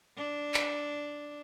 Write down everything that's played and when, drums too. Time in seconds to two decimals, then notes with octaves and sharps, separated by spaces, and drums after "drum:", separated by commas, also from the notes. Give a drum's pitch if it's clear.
0.17 D4
0.54 drum: clap